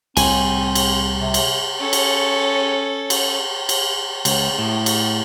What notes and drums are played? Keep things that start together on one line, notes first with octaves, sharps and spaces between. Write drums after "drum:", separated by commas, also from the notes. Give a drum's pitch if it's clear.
C2 A2 C4 G#5, drum: cymbal
drum: cymbal
C3
drum: cymbal
C#4 A4
drum: cymbal
drum: cymbal
drum: cymbal
C#2, drum: cymbal
A2
drum: cymbal